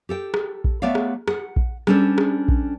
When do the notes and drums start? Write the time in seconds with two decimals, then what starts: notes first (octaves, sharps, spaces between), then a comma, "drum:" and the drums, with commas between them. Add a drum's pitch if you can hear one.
0.09 G4 A4 G5
0.34 drum: rim click
0.64 drum: kick A#1
0.82 A3 B3 C#5 D5 E5 F5
0.95 drum: rim click
1.28 F#5, drum: rim click
1.56 drum: kick A#1
1.87 G3 C#4 D4 A4 C5, drum: rim click
2.18 drum: rim click
2.48 drum: kick A#1